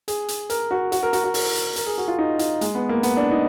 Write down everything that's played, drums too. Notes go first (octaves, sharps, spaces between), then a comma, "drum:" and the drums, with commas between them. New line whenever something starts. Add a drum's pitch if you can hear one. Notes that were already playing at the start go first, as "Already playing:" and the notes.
G#4, drum: hi-hat
drum: hi-hat
A#4, drum: hi-hat
F#4
F#4, drum: hi-hat
A#4
F#4, drum: hi-hat
F#4
A#4, drum: open hi-hat
drum: hi-hat
A#4, drum: hi-hat
G#4
F#4
F4
D#4
F4, drum: hi-hat
G#3, drum: hi-hat
B3
A#3
B3, drum: hi-hat
D4
D#4